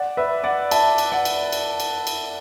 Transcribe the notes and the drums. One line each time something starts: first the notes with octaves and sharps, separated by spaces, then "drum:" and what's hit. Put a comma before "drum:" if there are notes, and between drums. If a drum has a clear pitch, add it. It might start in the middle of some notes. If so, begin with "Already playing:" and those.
Already playing: D5 F#5
B4 E5
D5 F#5
E5 A5, drum: cymbal
drum: cymbal
D5 F#5
drum: cymbal
drum: cymbal
drum: cymbal
drum: cymbal